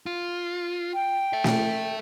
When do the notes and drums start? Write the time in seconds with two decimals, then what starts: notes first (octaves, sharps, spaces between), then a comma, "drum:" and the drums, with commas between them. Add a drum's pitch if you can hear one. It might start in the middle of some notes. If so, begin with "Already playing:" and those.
0.06 F4
0.94 G5
1.33 A4 E5
1.44 drum: snare